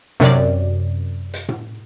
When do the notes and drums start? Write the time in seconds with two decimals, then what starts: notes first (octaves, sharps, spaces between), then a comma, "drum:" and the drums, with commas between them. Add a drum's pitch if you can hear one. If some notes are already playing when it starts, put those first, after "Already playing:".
0.20 F#2 C3 D5, drum: snare
1.34 drum: hi-hat
1.49 drum: tom A2